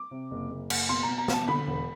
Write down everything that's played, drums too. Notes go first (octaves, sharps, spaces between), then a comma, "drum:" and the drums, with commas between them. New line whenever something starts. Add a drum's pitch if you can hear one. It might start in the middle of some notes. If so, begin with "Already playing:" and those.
Already playing: D6
C3
F#1
F#1
F#1, drum: cymbal
B2 C6
A#5
B2
A#5
B2 A5, drum: snare
D3 B5
E1